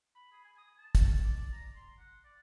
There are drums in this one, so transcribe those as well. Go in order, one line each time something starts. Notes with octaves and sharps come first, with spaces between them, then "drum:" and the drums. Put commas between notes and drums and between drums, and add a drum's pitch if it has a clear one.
B5
G#4
G#5
D#6
A5
drum: kick, hi-hat
D5
D5
A#5
C6
F#5
D5